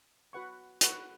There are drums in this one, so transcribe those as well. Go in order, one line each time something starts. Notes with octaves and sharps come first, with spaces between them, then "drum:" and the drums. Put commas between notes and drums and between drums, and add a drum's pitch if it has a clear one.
F#4 B4 F#5 C#6
F#4 B4 F#5 C#6, drum: hi-hat